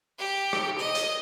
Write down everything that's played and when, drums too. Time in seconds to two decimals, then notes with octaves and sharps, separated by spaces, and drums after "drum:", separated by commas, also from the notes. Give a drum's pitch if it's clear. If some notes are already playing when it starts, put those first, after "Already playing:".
0.19 G4
0.53 drum: rim click
0.78 D#5
0.95 drum: hi-hat